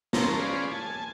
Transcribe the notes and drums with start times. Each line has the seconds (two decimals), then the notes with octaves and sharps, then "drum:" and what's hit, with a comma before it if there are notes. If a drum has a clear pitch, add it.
0.13 C#4 A#4 C5 A5 A#5, drum: snare
0.38 C#4 F4 G#4 B4 C5 D5
0.71 G#5 A5